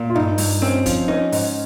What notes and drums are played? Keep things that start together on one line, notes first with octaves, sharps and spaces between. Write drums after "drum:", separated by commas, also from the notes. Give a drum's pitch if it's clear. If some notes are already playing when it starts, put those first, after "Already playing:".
Already playing: A#2
F4
G2 D#4
G2, drum: open hi-hat
C4 C#4
F3, drum: kick F#1, hi-hat
C#4 D#4
G#2, drum: open hi-hat